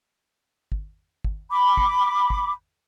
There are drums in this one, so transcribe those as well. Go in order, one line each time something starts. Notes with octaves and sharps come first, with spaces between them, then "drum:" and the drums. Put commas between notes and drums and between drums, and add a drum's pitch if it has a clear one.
drum: kick
drum: kick
B5 D6
drum: kick
drum: kick